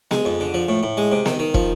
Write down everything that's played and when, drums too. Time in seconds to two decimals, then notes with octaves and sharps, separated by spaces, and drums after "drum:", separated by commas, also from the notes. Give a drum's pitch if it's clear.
0.11 G#3, drum: snare B3
0.25 F2
0.40 D3
0.54 F3
0.69 A2
0.83 A2
0.97 G#3
1.12 C3
1.26 D#3, drum: snare B3
1.39 D#3
1.54 F3, drum: kick